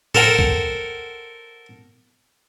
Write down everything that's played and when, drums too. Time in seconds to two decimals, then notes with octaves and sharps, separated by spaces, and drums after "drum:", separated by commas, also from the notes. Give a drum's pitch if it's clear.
0.15 A4 A#4 C5 F#5 G5, drum: tom A2
0.39 drum: kick